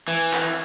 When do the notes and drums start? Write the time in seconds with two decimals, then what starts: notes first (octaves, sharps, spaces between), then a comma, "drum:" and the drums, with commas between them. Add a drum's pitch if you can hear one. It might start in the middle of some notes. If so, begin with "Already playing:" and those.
0.08 E3, drum: tambourine
0.33 drum: clap